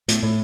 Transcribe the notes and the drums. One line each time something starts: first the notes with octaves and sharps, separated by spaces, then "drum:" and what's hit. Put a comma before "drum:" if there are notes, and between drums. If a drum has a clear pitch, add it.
A2, drum: hi-hat
A2